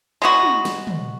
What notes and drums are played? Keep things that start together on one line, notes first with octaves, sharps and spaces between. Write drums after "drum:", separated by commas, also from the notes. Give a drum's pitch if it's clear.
G#3 B3 F#4
drum: tom
drum: snare
drum: tom